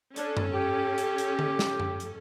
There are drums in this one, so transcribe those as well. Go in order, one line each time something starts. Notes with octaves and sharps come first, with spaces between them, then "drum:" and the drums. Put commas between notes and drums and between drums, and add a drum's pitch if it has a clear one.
C#4 D4 A4, drum: hi-hat
drum: tom F#2
G4
drum: hi-hat
drum: hi-hat
drum: tom D3
drum: snare
drum: tom F#2
drum: hi-hat